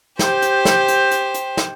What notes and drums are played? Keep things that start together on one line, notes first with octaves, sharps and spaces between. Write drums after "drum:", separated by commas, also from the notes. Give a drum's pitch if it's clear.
G4 C5, drum: snare
drum: hi-hat
drum: snare
drum: hi-hat
drum: hi-hat
drum: hi-hat
drum: snare